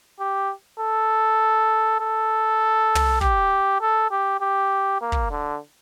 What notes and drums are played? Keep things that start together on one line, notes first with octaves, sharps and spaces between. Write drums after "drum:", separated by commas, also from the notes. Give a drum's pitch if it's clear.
G4
A4
A4
drum: tom
G4, drum: kick
A4
G4
G4
A#3
drum: kick
D3